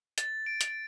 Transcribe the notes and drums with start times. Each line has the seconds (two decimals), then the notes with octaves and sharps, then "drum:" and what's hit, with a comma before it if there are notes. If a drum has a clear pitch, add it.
0.18 A6, drum: hi-hat
0.46 D7
0.61 drum: hi-hat